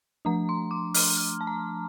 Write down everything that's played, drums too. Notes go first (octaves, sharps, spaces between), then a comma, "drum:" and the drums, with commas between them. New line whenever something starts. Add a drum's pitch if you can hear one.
F3 A3 D4 A#5
C6
D6
F6, drum: open hi-hat
F6
A5
A#5